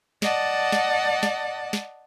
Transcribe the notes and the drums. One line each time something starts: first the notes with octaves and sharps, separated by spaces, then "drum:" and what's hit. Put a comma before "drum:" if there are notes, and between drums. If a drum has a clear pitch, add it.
D5 D#5 F#5 A5, drum: snare
drum: snare
drum: snare
drum: snare